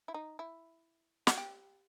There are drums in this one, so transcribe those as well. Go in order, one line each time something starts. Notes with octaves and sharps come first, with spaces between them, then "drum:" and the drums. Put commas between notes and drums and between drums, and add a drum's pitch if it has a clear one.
E4
D#4
E4
F#4, drum: snare
G4